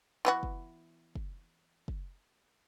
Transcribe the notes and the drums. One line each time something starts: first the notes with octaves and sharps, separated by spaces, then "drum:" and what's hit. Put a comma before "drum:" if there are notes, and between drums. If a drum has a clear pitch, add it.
E3 B3 F#4
drum: kick
drum: kick
drum: kick